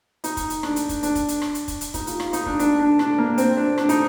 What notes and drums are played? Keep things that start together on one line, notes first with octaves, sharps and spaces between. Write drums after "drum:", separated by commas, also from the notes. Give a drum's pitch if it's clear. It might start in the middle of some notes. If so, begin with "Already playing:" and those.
D#4, drum: hi-hat
drum: kick, hi-hat
drum: hi-hat
D4, drum: rim click
drum: hi-hat
drum: kick, hi-hat
D4, drum: hi-hat
drum: kick, hi-hat
drum: hi-hat
drum: rim click
drum: hi-hat
drum: kick, hi-hat
drum: hi-hat
D#4, drum: kick, hi-hat
F4, drum: hi-hat
F4, drum: rim click
D#4, drum: hi-hat
D4, drum: kick
D4, drum: hi-hat
D4
D4, drum: rim click
A#3
C4, drum: hi-hat
D4
D4, drum: rim click
D#4, drum: hi-hat